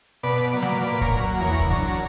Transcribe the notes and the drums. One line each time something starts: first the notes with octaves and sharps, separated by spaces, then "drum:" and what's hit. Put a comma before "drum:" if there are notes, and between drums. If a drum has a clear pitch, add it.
B2 B4 D5
F#3 A#3 B4 D5
drum: snare
A#2 B4 D5
A#4 C#5, drum: kick C2
F#3 A#3
E2 A#4 C#5
drum: kick C2
D3 F#3